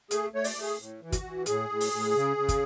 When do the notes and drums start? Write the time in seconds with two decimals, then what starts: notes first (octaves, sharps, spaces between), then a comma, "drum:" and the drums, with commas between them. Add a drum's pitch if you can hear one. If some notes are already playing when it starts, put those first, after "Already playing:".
0.11 A3 G#4, drum: hi-hat
0.33 A3 C#5
0.44 D5, drum: open hi-hat
0.55 A3
0.62 G#4
0.79 A2
1.01 E3
1.12 F#4, drum: kick, hi-hat
1.24 E3
1.46 A2 G#4, drum: hi-hat
1.70 A2
1.80 drum: open hi-hat
1.92 A2
2.15 C#3
2.37 C#3
2.49 drum: kick, hi-hat